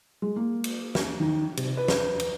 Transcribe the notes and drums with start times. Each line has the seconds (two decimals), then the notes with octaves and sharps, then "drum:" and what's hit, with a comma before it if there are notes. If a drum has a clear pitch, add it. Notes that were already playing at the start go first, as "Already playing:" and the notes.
0.22 G#3
0.36 A#3
0.64 drum: cymbal
0.95 drum: snare
1.20 D#3
1.57 C3, drum: cymbal
1.77 B4
1.88 drum: snare
2.20 drum: cymbal